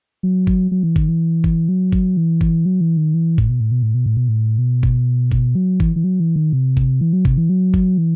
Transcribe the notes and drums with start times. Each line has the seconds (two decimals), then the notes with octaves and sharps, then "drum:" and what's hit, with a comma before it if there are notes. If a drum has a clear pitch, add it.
0.23 F#3
0.47 drum: kick G1
0.71 F#3
0.83 E3
0.96 D#3, drum: kick G1
1.09 E3
1.44 drum: kick G1
1.69 F#3
1.92 drum: kick G1
2.17 E3
2.41 drum: kick G1
2.66 F#3
2.81 E3
2.97 D#3
3.14 E3
3.38 A2, drum: kick G1
3.49 B2
3.60 A2
3.71 B2
3.83 A2
3.95 B2
4.06 A2
4.17 B2
4.29 A2
4.58 B2
4.83 drum: kick G1
5.32 drum: kick G1
5.55 F#3
5.80 E3, drum: kick G1
5.96 E3
6.04 F#3
6.20 E3
6.36 D#3
6.52 C3
6.77 drum: kick G1
7.01 E3
7.13 F#3
7.25 C3, drum: kick G1
7.38 E3
7.49 F#3
7.74 drum: kick G1
7.98 E3